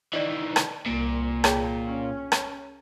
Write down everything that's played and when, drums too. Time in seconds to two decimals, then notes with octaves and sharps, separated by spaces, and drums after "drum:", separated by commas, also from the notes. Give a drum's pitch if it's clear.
0.13 D#3 E3 E4 D5 D#5
0.56 drum: rim click
0.86 C2 A#2
1.44 G#4 C#5 G5, drum: rim click
1.86 C#4
2.32 drum: rim click